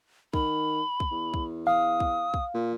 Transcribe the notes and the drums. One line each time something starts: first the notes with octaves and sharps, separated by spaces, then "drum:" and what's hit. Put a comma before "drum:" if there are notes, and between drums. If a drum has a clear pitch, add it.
D#3 B5, drum: kick
drum: kick
E2
drum: kick
F5 D#6
drum: kick
drum: kick
A#2